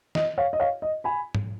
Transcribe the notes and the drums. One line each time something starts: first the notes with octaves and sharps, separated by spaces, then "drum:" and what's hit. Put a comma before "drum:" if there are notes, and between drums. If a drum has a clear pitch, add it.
D#5, drum: snare
C#5 F5
D#5
C#5 F5
D#5
G#5 B5
drum: tom G#2